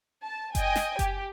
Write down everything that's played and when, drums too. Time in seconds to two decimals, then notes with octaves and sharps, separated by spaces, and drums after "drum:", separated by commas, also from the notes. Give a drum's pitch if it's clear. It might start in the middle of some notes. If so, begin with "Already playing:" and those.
0.23 A5
0.55 D#5 G5 G#5, drum: kick F#1, hi-hat
0.76 drum: snare
0.99 G4, drum: kick F#1, hi-hat